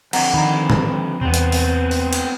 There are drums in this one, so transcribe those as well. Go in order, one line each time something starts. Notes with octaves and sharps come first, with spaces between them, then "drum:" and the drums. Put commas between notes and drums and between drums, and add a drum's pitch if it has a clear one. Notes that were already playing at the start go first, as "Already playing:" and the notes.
F2 D3 F#5 A#5, drum: cymbal
D#3 A#5 B5
drum: tom G#2
E2 C3 B3 C4
drum: hi-hat
drum: open hi-hat
drum: open hi-hat
drum: cymbal